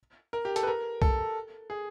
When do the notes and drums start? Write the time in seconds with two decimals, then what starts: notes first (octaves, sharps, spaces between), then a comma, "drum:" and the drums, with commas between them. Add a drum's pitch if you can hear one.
0.33 A#4
0.45 G4
0.56 A4, drum: hi-hat
0.63 B4
0.67 A#4
1.02 A4, drum: kick B1
1.70 G#4